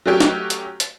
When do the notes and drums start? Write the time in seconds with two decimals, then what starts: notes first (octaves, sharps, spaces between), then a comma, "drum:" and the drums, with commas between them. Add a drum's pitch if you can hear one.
0.06 F#3 A3 C#4 G4
0.20 drum: snare
0.50 drum: hi-hat
0.80 drum: hi-hat